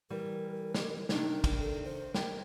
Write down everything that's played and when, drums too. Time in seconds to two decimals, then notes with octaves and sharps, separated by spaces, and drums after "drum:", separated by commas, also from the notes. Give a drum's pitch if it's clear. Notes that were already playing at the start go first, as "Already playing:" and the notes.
0.10 E3 G3 A#4
0.75 drum: snare
1.09 C3 D#3 D4 D#4, drum: snare
1.44 drum: kick, cymbal
1.59 A4
1.85 C5
2.14 A#4 G5, drum: snare